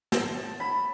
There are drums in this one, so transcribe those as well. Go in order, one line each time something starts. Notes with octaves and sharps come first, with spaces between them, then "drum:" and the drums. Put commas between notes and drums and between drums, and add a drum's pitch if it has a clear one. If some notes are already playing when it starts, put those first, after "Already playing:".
A5, drum: snare
B5